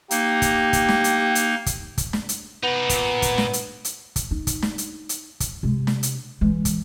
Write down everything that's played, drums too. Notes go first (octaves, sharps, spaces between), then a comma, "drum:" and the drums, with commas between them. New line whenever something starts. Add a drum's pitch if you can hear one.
A#3 D#4 G4, drum: hi-hat
drum: kick, hi-hat
drum: kick, hi-hat
drum: snare
drum: hi-hat
drum: hi-hat
drum: kick, hi-hat
drum: kick, hi-hat
drum: snare
drum: hi-hat
B3 D#4 B4
A#2, drum: kick, hi-hat
drum: kick, hi-hat
drum: snare
drum: hi-hat
drum: hi-hat
drum: kick, hi-hat
D#4
drum: kick, hi-hat
drum: snare
drum: hi-hat
drum: hi-hat
drum: kick, hi-hat
C3 G#3
drum: snare
drum: hi-hat
E3 G#3
drum: kick, hi-hat